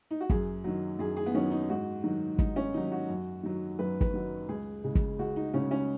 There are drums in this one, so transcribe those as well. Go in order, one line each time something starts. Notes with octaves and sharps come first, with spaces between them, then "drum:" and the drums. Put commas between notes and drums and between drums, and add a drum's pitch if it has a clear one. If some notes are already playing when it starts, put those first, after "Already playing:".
D#4
F#4
F#2 G#4, drum: kick
D#3 F#3
F#2 G#4
G#4
B3
D#3 F#3 C#4
D#4
G#2 F#4
D#3 F#3
G#2 D#4, drum: kick
C#4
D#3 F#3 D#4
F#4
F#2
D#3 F#3
F#2 B4
B4, drum: kick
D#3 F#3
C#2 G#4
C#3 G#3
drum: kick
C#2 F#4
D#4
C#3 G#3 C#4
C#4